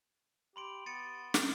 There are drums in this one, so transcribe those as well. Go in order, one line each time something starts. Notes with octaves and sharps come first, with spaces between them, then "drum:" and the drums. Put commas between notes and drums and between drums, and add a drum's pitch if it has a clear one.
G4 B5 C6 D7
B3 A6 C#7 D#7
drum: snare